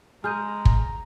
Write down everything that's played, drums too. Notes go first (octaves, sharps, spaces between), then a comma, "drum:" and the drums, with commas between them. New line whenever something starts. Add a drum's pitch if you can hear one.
G#3 G#4 A#5 F6 G6 D#7
drum: kick